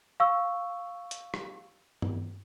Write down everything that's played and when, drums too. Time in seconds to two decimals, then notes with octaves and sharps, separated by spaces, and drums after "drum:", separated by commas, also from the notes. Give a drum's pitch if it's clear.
0.20 F5 C#6 E6
1.11 drum: hi-hat
1.34 drum: rim click
2.02 drum: tom G2